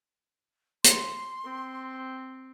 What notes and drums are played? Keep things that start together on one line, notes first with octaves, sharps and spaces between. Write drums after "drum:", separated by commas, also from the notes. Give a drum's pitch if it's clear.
C6, drum: hi-hat
C4